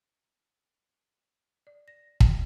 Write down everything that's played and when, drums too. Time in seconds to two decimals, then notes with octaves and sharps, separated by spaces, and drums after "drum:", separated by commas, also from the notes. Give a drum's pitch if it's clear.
1.67 D5
1.88 A#6
2.20 drum: kick